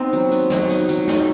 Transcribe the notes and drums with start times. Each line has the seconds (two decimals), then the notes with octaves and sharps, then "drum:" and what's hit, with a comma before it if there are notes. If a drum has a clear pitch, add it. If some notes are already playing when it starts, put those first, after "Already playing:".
Already playing: B3 C4 D#4 C5
0.13 F#3
0.32 B3, drum: tambourine
0.50 F#3, drum: snare
0.69 D#4, drum: tambourine
0.89 F#3, drum: tambourine
1.08 D#4, drum: snare